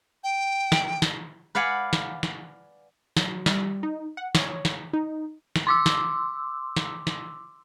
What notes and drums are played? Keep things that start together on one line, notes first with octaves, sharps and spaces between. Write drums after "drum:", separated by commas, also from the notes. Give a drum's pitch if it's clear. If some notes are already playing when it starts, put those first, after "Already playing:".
G5
drum: snare
drum: snare
B4 D5 F5 F#5 G#5
drum: snare
drum: snare
F#3, drum: snare
G3, drum: snare
D#4
F#5
C#5, drum: snare
drum: snare
D#4
drum: snare
C6 D6 E6
drum: snare
drum: snare
drum: snare